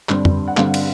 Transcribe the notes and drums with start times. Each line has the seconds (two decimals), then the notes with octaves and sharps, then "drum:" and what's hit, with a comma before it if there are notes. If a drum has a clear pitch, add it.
0.09 G2 D3 G3 C4, drum: clap
0.25 drum: tom F2
0.48 F#5
0.57 G2 D3 G3 C4 F5, drum: clap
0.74 drum: cymbal